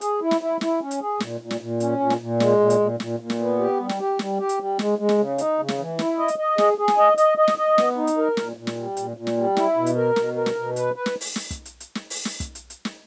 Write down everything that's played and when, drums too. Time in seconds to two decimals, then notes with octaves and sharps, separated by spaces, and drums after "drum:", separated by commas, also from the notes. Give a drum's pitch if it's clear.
0.01 G#4, drum: hi-hat
0.21 E4
0.31 drum: snare
0.41 E4
0.61 E4, drum: snare
0.81 C#4
0.91 drum: hi-hat
1.01 G#4
1.20 A#2, drum: snare
1.41 A#2
1.51 drum: snare
1.61 A#2
1.80 C#4, drum: hi-hat
2.00 A#2
2.10 drum: snare
2.20 A#2
2.40 G#3, drum: snare
2.60 A#2
2.70 drum: hi-hat
2.80 A#2
3.00 A#2, drum: snare
3.20 A#2
3.30 drum: snare
3.39 B3
3.59 G4
3.80 G3
3.89 drum: snare
4.00 G4
4.19 G3, drum: snare
4.39 G4
4.49 drum: hi-hat
4.59 G3
4.79 G#3, drum: snare
4.99 G#3
5.09 drum: snare
5.18 C#3
5.38 D#4, drum: hi-hat
5.59 C#3
5.68 drum: snare
5.78 E3
5.99 E4, drum: snare
6.18 D#5
6.28 drum: hi-hat
6.38 D#5
6.58 G#4, drum: snare
6.78 G#4
6.88 drum: snare
6.98 D#5
7.18 D#5, drum: hi-hat
7.38 D#5
7.48 drum: snare
7.58 D#5
7.78 B3, drum: snare
7.97 D#4
8.07 drum: hi-hat
8.17 A#4
8.37 A#2, drum: snare
8.57 A#2
8.67 drum: snare
8.77 G3
8.97 A#2, drum: hi-hat
9.17 A#2
9.27 drum: snare
9.37 G3
9.57 E4, drum: snare
9.77 B2
9.86 drum: hi-hat
9.96 A#4
10.16 B2, drum: snare
10.36 A#4
10.46 drum: snare
10.56 B2
10.76 B4, drum: hi-hat
10.96 B4
11.06 drum: snare
11.21 drum: open hi-hat
11.36 drum: snare
11.51 drum: kick, hi-hat
11.65 drum: hi-hat
11.80 drum: hi-hat
11.95 drum: snare
12.10 drum: open hi-hat
12.25 drum: snare
12.40 drum: kick, hi-hat
12.55 drum: hi-hat
12.70 drum: hi-hat
12.85 drum: snare